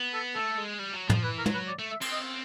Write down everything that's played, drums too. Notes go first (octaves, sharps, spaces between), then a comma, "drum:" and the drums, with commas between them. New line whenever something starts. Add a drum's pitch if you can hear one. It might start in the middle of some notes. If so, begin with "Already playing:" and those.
Already playing: B3
A4
A3 A4
G#3
G3
F#3
F3, drum: tom
E3 B4
A#4
F#3, drum: tom
B4
D5
A3
E5
C4, drum: cymbal
D#5